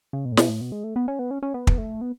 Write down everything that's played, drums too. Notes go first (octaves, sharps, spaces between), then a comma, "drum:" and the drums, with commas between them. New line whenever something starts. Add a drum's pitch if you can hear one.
C#3
B2
A2
B2, drum: snare
A2
B2
G#3
A3
B3
C#4
B3
C#4
C#4
B3
drum: kick
A3
B3